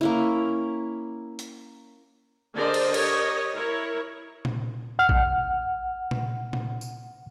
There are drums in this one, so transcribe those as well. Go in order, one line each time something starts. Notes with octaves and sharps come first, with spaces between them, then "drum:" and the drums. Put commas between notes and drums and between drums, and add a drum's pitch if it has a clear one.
A#3 C#4 E4
drum: hi-hat
D3 G#4 A#4 C5 D5 D#5
drum: cymbal
G4 A#4 C#5 D#5, drum: cymbal
E4 A#4 C#5
drum: tom A#2
F#5 F6
drum: kick A1
drum: tom A#2
drum: tom A#2
drum: tambourine